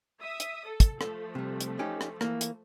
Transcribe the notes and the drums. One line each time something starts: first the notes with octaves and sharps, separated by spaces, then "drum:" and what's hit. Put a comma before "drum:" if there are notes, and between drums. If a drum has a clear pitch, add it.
E5 D#6
drum: hi-hat
A4
drum: kick, hi-hat
F3 A3 A4, drum: rim click
C3 G3
drum: hi-hat
C#4 D#4 G4
drum: rim click
E3 A#3, drum: rim click
drum: hi-hat